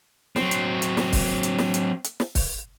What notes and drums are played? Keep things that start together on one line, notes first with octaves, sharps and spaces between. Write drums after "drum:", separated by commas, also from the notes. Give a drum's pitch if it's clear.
F#3 C4, drum: snare
drum: hi-hat
drum: hi-hat
drum: snare
drum: kick, open hi-hat
drum: hi-hat
drum: snare
drum: hi-hat
drum: hi-hat
drum: snare
drum: kick, open hi-hat